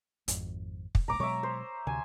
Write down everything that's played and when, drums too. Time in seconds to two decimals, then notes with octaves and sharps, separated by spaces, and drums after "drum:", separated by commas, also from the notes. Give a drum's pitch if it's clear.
0.28 G#1 F2, drum: hi-hat
0.95 drum: kick
1.08 D#1 A#1 G#2 A#5 D6
1.20 B2 F#3 G#3 C#5 E5
1.43 C5
1.87 D2 C3 G#5